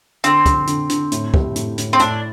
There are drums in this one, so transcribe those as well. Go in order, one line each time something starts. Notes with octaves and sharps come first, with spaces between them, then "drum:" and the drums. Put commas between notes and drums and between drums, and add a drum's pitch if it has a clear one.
D3 C4, drum: hi-hat
D3, drum: kick, hi-hat
D3, drum: hi-hat
D3, drum: hi-hat
A2, drum: hi-hat
G4, drum: kick
A2, drum: hi-hat
A2, drum: hi-hat
C4
A2 D4, drum: hi-hat